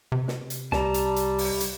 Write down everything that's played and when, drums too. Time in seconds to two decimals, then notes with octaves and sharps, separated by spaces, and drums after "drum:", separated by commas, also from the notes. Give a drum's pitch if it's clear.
0.12 C3
0.28 drum: snare
0.50 drum: hi-hat
0.72 C2 G3 A5 A#5, drum: snare
0.94 drum: hi-hat
1.16 drum: hi-hat
1.38 drum: open hi-hat
1.61 drum: hi-hat